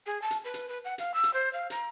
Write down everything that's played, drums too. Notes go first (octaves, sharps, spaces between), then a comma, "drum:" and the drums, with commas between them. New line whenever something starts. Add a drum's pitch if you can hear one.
G#4
A5
drum: hi-hat
B4
drum: hi-hat
B4
F#5
F5, drum: hi-hat
E6
drum: hi-hat
C5
F5
A#5, drum: hi-hat